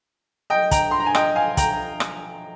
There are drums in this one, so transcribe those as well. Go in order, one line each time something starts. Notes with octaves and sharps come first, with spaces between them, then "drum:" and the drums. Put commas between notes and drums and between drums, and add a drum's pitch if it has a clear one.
D#5 G5
G5 A#5, drum: kick, hi-hat
C6
A#5
G#5
D#5 G5, drum: rim click
F5 G#5
G5 A#5, drum: kick, hi-hat
drum: rim click